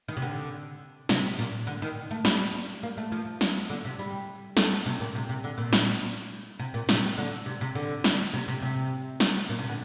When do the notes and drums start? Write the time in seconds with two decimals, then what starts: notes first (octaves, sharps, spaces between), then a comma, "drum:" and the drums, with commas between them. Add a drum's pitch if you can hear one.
0.08 D#3
0.17 C3
0.22 D3
1.09 C3, drum: snare
1.39 A#2
1.67 D3
1.82 D#3
2.11 A3
2.25 G3, drum: snare
2.83 A#3
2.97 A3
3.12 F3
3.41 drum: snare
3.70 D3
3.85 C3
3.99 G3
4.57 A3, drum: snare
4.86 C3
5.00 A#2
5.15 C3
5.29 C3
5.44 D3
5.58 A#2
5.73 drum: snare
6.59 C3
6.74 A#2
6.89 C3, drum: snare
7.18 D3
7.46 C3
7.61 C3
7.75 D3
8.04 drum: snare
8.33 C3
8.48 C3
8.62 C3
9.20 drum: snare
9.49 A#2
9.59 C3
9.69 D3